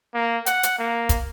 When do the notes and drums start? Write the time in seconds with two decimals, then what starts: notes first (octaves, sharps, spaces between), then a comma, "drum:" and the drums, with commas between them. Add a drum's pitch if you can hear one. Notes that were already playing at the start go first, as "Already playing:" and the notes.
0.14 A#3
0.46 F#5, drum: hi-hat
0.63 drum: hi-hat
0.79 A#3
1.09 drum: kick, hi-hat